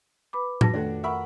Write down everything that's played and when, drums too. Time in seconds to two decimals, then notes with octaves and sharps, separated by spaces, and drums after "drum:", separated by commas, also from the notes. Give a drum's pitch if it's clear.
0.33 B4 B5 D6
0.61 F2 F#4 A5 A#6, drum: tom A2
0.74 D#3 A3 D4 F#4 A4
1.04 A#4 E5 F#5 B5 C#6